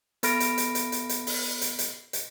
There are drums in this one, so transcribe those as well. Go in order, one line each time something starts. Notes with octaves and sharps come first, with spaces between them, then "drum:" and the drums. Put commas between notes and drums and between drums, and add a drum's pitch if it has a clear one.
B3 A4 B5 F6 A#6 D7, drum: hi-hat
drum: hi-hat
drum: hi-hat
drum: hi-hat
drum: hi-hat
drum: hi-hat
drum: open hi-hat
drum: hi-hat
drum: hi-hat
drum: hi-hat